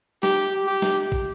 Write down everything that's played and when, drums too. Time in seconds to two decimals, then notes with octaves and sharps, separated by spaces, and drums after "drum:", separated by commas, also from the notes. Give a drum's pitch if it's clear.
0.23 G4, drum: snare
0.67 G4
0.82 drum: snare
1.12 drum: kick